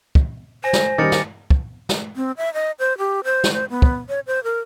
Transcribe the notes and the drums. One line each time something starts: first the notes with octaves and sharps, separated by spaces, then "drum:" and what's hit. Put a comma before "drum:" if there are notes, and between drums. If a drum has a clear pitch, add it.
drum: kick
C5 G#5 A#6
drum: snare
D#3 G3 D6 A6 C#7
drum: snare
drum: kick
drum: snare
C4
E5
D#5
C5
G4
C5
drum: snare
C5
B3
drum: kick
C#5
C5
A#4